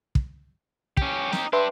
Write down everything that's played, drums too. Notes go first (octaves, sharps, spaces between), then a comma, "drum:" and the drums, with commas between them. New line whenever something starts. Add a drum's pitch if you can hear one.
drum: kick
C#4 G4, drum: kick
D#4 G4, drum: snare
D4 G4 B4 E5 C6